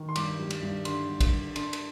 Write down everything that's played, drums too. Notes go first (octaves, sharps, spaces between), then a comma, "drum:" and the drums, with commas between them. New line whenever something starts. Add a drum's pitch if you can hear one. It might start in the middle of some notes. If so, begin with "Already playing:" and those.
Already playing: D#3
C6
G2 D6, drum: cymbal
G3
drum: cymbal
G2
D3 C6, drum: cymbal
G2
drum: kick, cymbal
G2
D4 C6, drum: cymbal
drum: cymbal